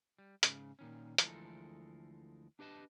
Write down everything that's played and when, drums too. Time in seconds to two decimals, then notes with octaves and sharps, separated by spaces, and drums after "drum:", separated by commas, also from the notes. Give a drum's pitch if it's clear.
0.18 G3
0.43 G#2 C#3, drum: hi-hat
0.79 A#2 D#3 C#4
1.18 D2 E3 F3 G#3 A4 A#4, drum: hi-hat
2.59 D4 G4 B4 D#5 A5